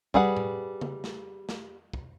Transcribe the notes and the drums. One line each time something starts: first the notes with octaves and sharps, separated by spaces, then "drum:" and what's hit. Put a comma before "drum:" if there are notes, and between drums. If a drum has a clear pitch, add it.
G3 G#4 B4 F#5, drum: kick
drum: tom A2
drum: tom C#3
drum: snare
drum: snare
drum: kick